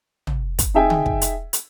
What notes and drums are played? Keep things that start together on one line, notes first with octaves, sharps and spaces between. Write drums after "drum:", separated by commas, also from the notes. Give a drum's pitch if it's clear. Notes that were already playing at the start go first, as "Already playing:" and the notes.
drum: tom
drum: kick, hi-hat
D#4 G#4 E5 G5 G#5
drum: tom D3
drum: kick
drum: hi-hat
drum: hi-hat